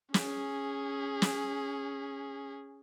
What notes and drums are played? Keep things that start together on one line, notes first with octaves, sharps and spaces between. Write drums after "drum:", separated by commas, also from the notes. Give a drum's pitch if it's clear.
C#4 G#4, drum: snare
drum: snare